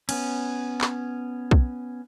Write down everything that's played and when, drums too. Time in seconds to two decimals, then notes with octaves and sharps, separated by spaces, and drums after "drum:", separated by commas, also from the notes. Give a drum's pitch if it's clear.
0.09 B3 C#4, drum: cymbal
0.81 drum: clap
1.51 drum: kick B1